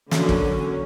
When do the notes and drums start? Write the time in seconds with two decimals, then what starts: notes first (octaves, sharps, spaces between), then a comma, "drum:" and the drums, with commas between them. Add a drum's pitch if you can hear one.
0.11 D3 F#3 A#3 C#4, drum: snare
0.29 drum: kick